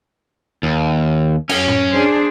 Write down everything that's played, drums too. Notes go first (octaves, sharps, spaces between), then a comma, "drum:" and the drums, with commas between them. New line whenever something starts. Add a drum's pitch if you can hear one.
D#2
F#2 C#4, drum: cymbal
drum: tom A2
D4 G#4 C5